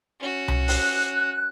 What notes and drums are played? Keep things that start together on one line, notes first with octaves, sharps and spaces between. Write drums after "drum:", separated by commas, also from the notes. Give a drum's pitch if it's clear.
C#4 F#4
drum: tom C2
F#6, drum: open hi-hat